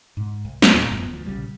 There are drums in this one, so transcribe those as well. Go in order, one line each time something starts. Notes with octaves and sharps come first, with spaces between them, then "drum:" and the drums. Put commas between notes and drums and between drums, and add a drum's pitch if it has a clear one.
G#2
C2
drum: snare
D#2 A#2
D1 F#2 F3 B3
D2 F3
A#1 C#3 G3